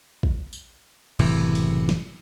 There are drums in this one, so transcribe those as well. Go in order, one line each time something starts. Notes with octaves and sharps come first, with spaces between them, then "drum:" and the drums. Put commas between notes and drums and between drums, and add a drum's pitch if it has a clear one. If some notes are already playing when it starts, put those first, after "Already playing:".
drum: kick
drum: tambourine
F#1 A2 C3 E3, drum: cymbal
drum: cymbal
drum: snare